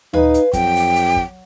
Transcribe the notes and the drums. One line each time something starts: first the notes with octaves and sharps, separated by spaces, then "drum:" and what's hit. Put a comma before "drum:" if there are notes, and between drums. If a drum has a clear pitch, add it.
D#4 B4 F5 G#5, drum: tom D2
drum: hi-hat
F2 F#3 G5, drum: kick, hi-hat
drum: open hi-hat
drum: hi-hat
drum: kick